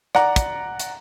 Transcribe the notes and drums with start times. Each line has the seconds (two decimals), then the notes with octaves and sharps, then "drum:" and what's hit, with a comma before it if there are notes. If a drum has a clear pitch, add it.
0.15 D5 F#5 A#5, drum: rim click
0.36 drum: kick, hi-hat
0.80 drum: hi-hat